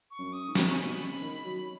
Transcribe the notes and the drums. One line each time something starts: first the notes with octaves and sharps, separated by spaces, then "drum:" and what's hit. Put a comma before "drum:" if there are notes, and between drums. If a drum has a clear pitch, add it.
C#6
F#2
D#6
G#2
C#6, drum: snare
G#5
B2 B5
B2
C#3
D#3
F#3